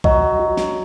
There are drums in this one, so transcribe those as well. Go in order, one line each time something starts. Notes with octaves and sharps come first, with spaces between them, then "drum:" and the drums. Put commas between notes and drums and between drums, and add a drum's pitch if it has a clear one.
F#3 D#5, drum: kick B1
F#4
drum: snare